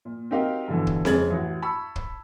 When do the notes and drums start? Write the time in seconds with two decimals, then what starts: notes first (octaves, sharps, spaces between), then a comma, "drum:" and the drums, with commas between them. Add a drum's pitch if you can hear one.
0.05 A#2
0.31 C4 D#4 F#4 G4 A#4 F5
0.68 G2 B2 D3 E3
0.87 drum: kick
1.05 F2 C#3 G#3 G#6 A6 F#7, drum: snare C4
1.30 A1 F#4
1.62 A5 B5 C#6 E6
1.96 drum: kick